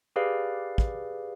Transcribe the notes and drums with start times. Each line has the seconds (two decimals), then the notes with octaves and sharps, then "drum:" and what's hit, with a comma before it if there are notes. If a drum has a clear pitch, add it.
0.16 G4 G#4 B4 D5 F5
0.78 drum: kick